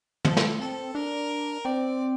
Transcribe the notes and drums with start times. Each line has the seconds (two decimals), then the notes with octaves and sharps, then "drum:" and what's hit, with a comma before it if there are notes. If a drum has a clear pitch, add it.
0.25 F3 A4, drum: tom
0.37 G3, drum: snare
0.48 A3
0.60 C4 A4
0.95 D4 A#4
1.65 C4 D5